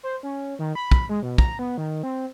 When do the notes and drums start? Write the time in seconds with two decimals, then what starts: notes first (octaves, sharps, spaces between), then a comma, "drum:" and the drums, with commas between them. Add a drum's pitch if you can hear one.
0.03 C5
0.23 C#4
0.59 D#3
0.75 B5
0.91 drum: kick
1.09 G#3
1.23 B2
1.38 A#5, drum: kick
1.59 B3
1.78 D#3
2.03 C4